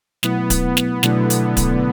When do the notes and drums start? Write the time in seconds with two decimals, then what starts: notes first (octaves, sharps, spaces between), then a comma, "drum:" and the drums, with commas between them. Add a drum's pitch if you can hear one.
0.23 B2 F#3 A3 B3 E4, drum: snare
0.50 drum: kick D1, hi-hat
0.77 drum: snare
1.03 B2 D3 F#3 A3 E4, drum: snare
1.30 drum: hi-hat
1.57 drum: kick D1, hi-hat